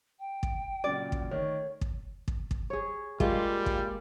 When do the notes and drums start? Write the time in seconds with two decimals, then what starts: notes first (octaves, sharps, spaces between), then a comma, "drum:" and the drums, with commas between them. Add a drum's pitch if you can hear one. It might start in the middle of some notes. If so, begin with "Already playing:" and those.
0.19 G5
0.43 drum: kick
0.84 A#2 C#3 F#3 D5
1.12 drum: kick
1.31 D#3 A3 C#5
1.81 drum: kick
2.28 drum: kick
2.51 drum: kick
2.70 G#4 C#5
3.20 G3 G#3 A#3 F4 G4, drum: kick
3.66 drum: kick